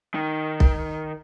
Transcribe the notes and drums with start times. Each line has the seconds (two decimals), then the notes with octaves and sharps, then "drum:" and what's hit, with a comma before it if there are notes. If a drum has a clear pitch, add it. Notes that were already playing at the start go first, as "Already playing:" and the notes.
0.14 D#3
0.60 drum: kick B1